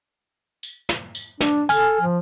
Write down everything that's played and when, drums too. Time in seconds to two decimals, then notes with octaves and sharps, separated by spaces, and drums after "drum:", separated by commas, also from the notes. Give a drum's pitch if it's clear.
0.63 drum: tambourine
0.89 drum: snare
1.15 drum: tambourine
1.41 D4, drum: snare
1.69 A4 G#5 F6, drum: tambourine
2.01 F3